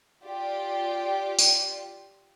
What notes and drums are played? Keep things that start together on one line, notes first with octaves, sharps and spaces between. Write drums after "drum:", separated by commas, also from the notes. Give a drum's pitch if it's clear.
F4 G4 D5
drum: tambourine